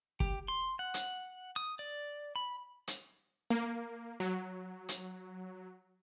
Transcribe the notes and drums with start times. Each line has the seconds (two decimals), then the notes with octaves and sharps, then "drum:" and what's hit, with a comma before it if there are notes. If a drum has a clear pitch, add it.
0.20 G4, drum: kick
0.48 C6
0.79 F#5
0.94 drum: hi-hat
1.56 D#6
1.79 D5
2.36 B5
2.88 drum: hi-hat
3.50 A#3
4.20 F#3
4.89 drum: hi-hat